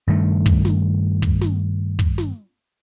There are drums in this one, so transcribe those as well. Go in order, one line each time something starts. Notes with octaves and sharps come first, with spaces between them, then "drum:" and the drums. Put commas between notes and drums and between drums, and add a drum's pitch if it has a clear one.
G2 D#3 A3
drum: kick
drum: snare
drum: kick
drum: snare
drum: kick
drum: snare